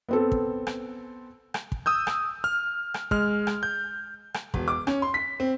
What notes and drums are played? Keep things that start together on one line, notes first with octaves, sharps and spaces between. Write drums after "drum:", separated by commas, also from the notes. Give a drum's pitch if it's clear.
B3 C4 A4
drum: kick
drum: rim click
drum: rim click
drum: kick
D#6 E6 G6
drum: rim click
F6
drum: rim click
G#3 F6, drum: kick
drum: rim click
G6
drum: rim click
E1, drum: kick
D6
C#4, drum: rim click
C6
B6
C4